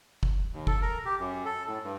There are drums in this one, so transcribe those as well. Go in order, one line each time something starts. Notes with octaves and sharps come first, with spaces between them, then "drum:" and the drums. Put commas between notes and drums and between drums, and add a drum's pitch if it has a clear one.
drum: kick
D#2
A4, drum: kick
A#4
G4
F#2
A4
A2
G2